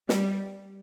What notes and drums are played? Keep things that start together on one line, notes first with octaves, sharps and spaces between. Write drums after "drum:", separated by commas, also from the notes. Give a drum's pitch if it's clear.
G3, drum: snare